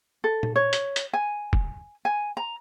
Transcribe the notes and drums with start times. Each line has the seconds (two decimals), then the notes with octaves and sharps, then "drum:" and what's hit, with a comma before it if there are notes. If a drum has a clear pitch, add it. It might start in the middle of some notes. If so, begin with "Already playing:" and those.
0.24 A4
0.43 drum: tom A#2
0.56 C#5
0.73 drum: hi-hat
0.96 drum: hi-hat
1.13 G#5
1.53 drum: kick E1
2.05 G#5
2.37 A#5